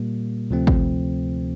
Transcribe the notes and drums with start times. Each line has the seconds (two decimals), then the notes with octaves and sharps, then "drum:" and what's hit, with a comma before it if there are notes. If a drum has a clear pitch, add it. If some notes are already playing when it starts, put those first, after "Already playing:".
Already playing: A#2 G3 A#3
0.50 D2 C3 F3 A3 C4
0.67 drum: kick G#1